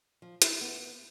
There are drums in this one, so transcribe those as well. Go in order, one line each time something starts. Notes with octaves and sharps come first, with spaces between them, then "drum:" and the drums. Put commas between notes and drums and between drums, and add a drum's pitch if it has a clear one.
F3
E4, drum: hi-hat
B3